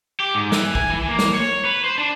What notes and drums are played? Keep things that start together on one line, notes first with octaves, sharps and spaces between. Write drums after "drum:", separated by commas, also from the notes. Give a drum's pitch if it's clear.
G4
G#2
E3, drum: snare
G#5, drum: kick
E3
A#3
drum: snare
C#5
B4
C5
D4